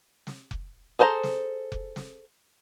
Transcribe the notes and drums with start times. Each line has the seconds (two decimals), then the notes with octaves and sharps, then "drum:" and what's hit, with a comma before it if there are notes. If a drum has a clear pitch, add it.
0.27 drum: snare
0.51 drum: kick F1
0.99 G#4 A4 C5 A5 A#5
1.23 drum: snare
1.72 drum: kick F1
1.96 drum: snare